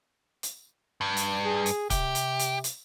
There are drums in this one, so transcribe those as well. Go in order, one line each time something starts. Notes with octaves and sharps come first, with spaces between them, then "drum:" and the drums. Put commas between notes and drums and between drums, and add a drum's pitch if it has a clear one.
drum: hi-hat
G2
drum: hi-hat
G#4
drum: hi-hat
C3 G4, drum: kick C#1, hi-hat
drum: hi-hat
drum: hi-hat
drum: hi-hat